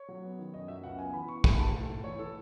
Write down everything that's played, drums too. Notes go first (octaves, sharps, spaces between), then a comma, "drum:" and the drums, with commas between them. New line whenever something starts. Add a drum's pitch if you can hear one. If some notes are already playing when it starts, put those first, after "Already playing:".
Already playing: C#5
F#3
B3
D#3
F#2 D#5
F#3 E5
C#2 F#5
B3 G#5
E3 B5
B3 C#6
A3 B5, drum: kick
D#3 A5
A3
A3
E3 C#5
E3 A4